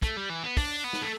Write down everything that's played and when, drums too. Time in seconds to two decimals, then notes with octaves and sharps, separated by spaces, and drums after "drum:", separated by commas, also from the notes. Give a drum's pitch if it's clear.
0.02 A3, drum: kick, hi-hat
0.16 G3
0.29 E3
0.43 B3
0.57 D4, drum: kick, open hi-hat
0.84 B3
0.93 drum: snare
1.02 A3